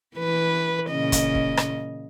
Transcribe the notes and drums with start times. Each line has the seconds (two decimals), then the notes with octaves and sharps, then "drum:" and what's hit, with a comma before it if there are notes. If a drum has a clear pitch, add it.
0.16 E3 B4
0.89 A#2 C#3 D#5
1.12 drum: kick, hi-hat
1.35 drum: kick
1.57 drum: rim click